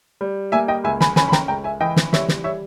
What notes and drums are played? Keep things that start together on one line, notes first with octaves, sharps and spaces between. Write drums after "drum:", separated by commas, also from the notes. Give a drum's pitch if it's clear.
G3
A#3 E5 G#5
D#5 G5
C#2 E5 G#5
G#5 B5, drum: snare
C#4 G#5 B5, drum: snare
B5
G5 A#5, drum: snare
C#2 G5 A#5
E5 G#5
E3 D#5 G5
drum: snare
G3 C#5 E5, drum: snare
drum: snare
G3 C#5 E5